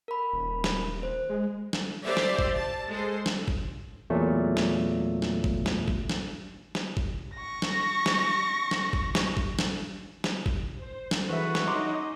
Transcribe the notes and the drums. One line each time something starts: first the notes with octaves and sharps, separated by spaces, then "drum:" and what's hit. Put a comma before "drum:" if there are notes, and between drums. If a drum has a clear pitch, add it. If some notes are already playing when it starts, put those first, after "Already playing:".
A#4 B5
D#1
drum: snare
C5
G#3
drum: snare
G4 C5 D5 E5
drum: snare
drum: kick G1
A5
G#3 A4 C5
drum: snare
drum: kick G1
E2 A#2 F#3 A3
drum: snare
drum: snare
drum: kick G1
drum: snare
drum: kick G1
drum: snare
drum: snare
drum: kick G1
C#6 A#6
drum: snare
drum: snare
drum: snare
drum: kick G1
drum: snare
drum: kick G1
drum: snare
drum: snare
drum: kick G1
C5
drum: snare
E3 F#4 G#4 A4 B4 E5
drum: snare
C#4 D#4 D#5 A#5 C6 D6